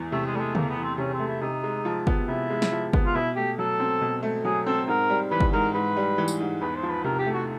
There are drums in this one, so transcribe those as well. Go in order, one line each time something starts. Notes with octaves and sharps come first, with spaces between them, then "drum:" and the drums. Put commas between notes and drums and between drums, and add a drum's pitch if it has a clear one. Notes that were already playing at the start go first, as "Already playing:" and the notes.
Already playing: E2 E3
C3 A3
G#3
G3 A3
G#3
E2 A#3, drum: tom C#3
B3
E3
C4
C3 C#4
C4
A3
E4
C3 D#4
G#3
F3
B3, drum: kick G1
C3 E4
G#3
drum: snare
F3
B3, drum: kick G1
F4
B2 E4
A3 G4
F#3 A4
C4
B2
A3
F#3 G#4
C4 A4
G#2 A#4
G3
E3 B4
drum: kick G1
G#2 A#4
G#2 B4
G3
E3
drum: tambourine
G#2
E2 B4
C5
F3
B4
C3 A#4
G4
A3
F#4